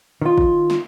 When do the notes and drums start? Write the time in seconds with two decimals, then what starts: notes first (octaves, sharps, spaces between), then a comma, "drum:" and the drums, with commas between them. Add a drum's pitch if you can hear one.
0.22 D#3 F4
0.38 drum: kick
0.70 drum: snare